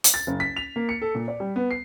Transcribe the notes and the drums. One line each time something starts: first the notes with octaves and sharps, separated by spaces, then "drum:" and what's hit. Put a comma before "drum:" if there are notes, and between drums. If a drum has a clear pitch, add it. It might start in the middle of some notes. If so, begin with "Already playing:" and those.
drum: hi-hat
A6
F#1
B6
F7
A#3
C#7
A4
A#2
D5
G3
B3
C7